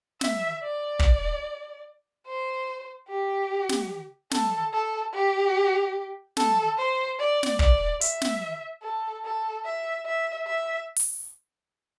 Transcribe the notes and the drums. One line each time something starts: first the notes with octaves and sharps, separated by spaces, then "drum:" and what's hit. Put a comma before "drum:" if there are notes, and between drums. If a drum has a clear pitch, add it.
E5, drum: snare
D5
drum: kick
C5
G4
drum: snare
A4, drum: snare
A4
G4
A4, drum: snare
C5
D5
drum: snare
D5, drum: kick
E5, drum: hi-hat
drum: snare
A4
A4
E5
E5
E5
drum: open hi-hat